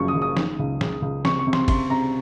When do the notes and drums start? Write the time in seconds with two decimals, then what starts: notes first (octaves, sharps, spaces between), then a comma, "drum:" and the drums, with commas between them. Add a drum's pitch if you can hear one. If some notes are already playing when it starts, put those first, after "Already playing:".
Already playing: F#1 F#2 F3 C#6
0.08 D#6
0.14 F#1
0.22 D#6
0.37 D#3, drum: snare
0.59 C#2
0.81 C#2, drum: snare
1.02 C#2
1.25 C3 C#6, drum: snare
1.39 C#6
1.47 C3
1.53 C6, drum: snare
1.68 C3 C6, drum: kick, cymbal
1.90 C3 A#5